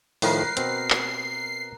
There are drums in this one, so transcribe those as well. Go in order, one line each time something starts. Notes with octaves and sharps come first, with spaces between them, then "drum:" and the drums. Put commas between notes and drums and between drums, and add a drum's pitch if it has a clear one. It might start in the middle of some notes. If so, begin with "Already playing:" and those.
A2 D#3 F3 A#4 B4 C7, drum: open hi-hat
B2 C4, drum: hi-hat
drum: clap